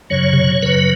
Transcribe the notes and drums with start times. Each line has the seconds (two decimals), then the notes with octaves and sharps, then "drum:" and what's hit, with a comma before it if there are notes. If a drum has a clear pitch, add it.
0.10 F#2 C#3 F#3 C#5
0.33 drum: tom B2
0.62 F#2 C#3 F#3 B4